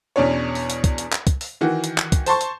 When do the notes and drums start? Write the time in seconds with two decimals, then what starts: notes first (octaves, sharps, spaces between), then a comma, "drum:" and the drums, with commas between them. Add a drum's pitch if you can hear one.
0.16 E2 B2 C#4 D4 C#5
0.55 drum: open hi-hat
0.70 drum: hi-hat
0.84 drum: kick, hi-hat
0.98 drum: hi-hat
1.12 drum: clap
1.27 drum: kick, hi-hat
1.41 drum: open hi-hat
1.61 D#3 E3 F#4
1.84 drum: hi-hat
1.98 drum: clap
2.12 drum: kick, hi-hat
2.26 C5 A5 C6 C#6, drum: open hi-hat
2.41 drum: hi-hat